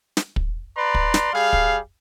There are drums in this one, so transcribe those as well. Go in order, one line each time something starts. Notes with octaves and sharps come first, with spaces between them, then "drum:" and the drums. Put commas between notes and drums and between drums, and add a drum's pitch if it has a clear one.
drum: snare
drum: kick
B4 D5 A#5 C6
drum: kick
drum: snare
G3 G#4 F5
drum: kick